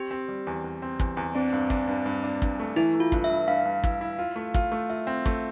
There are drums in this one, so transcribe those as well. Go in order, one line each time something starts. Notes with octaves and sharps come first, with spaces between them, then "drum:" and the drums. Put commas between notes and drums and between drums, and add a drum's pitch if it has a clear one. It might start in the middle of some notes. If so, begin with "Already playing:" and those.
Already playing: C4 G4
C4
G3
E2
E2
C4
E2, drum: kick
E2
C4 D4
G2
D4, drum: kick
G2
G2
D4
G2, drum: kick
A3
E3 E4
A3
F4
G2, drum: kick
E5
G2
G2 F5
G2
E4, drum: kick
E4
F4
A3
F4, drum: kick
A3
F4 E5
C4
A3, drum: kick